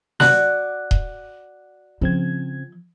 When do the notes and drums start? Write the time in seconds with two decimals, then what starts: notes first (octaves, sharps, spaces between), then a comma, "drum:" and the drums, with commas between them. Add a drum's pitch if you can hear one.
0.20 F#4 D5 F#6, drum: snare
0.91 drum: kick D#1
2.01 C#3 F3 C4 G#6